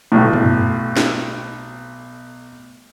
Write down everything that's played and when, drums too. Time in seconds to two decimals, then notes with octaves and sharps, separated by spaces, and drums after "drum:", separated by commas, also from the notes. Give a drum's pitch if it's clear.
0.12 B1 A2
0.33 drum: tom
0.97 drum: snare